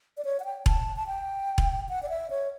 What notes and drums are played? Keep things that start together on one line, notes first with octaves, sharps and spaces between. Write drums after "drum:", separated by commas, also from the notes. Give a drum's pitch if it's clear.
D5
C#5
F#5
G5
A5, drum: kick E1
A5
G5
drum: kick E1
F#5
D5
E5
C#5